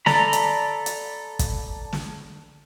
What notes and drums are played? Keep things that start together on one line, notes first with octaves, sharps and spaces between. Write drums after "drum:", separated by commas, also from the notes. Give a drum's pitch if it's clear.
A4 D5 A#5 B5, drum: snare
drum: hi-hat
drum: hi-hat
drum: kick, hi-hat
drum: snare